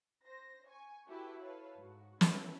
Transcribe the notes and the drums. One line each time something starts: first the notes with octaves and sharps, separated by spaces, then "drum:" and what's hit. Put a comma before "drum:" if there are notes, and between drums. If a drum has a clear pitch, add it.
C5 A#6
G#5 C#6
E4 F#4 G4 A4 B4 E5
A4 B4 C#5 F5
G#2 F#4
C#4 E4 A4 B4 C#5 E5, drum: snare